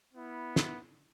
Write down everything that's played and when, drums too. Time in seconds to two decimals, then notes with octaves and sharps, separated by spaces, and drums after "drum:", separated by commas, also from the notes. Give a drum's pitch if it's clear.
0.12 B3 E4
0.56 drum: snare